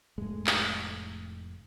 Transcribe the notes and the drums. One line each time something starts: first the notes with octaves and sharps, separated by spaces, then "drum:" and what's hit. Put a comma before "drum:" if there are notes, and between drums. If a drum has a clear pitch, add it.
F1 A2 G#3
drum: clap